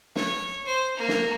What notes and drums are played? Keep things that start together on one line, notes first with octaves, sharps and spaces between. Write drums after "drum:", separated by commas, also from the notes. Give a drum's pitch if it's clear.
C#5, drum: snare
C5
A#3
drum: snare